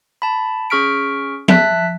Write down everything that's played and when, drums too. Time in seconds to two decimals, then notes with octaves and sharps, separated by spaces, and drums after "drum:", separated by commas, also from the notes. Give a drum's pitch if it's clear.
0.22 A5 B5
0.70 C#4 G#4 C#6 F6 B6 D7
1.48 E5 A5 F#6 B6, drum: tom F3